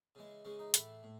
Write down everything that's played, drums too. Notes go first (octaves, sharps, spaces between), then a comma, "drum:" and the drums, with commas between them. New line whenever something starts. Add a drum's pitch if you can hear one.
C#3 E3 G#3
C#3 E3 G#3 C#4
D#4
A2 E3 A3 E4, drum: hi-hat
A2